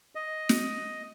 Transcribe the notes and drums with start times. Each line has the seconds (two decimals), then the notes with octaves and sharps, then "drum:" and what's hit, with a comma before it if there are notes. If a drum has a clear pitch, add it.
0.15 D#5
0.49 drum: snare